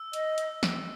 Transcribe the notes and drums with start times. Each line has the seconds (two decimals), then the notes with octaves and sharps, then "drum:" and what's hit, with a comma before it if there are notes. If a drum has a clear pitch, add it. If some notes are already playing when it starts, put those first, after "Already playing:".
Already playing: E6
0.13 D#5, drum: hi-hat
0.38 drum: hi-hat
0.63 drum: snare